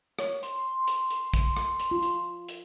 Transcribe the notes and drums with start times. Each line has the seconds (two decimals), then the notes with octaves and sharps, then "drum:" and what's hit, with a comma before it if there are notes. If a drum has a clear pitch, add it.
0.19 C#5, drum: rim click
0.43 C6, drum: hi-hat
0.88 drum: hi-hat
1.11 drum: hi-hat
1.34 drum: kick, hi-hat
1.57 drum: rim click
1.80 drum: hi-hat
1.91 F4
2.03 drum: hi-hat
2.49 drum: hi-hat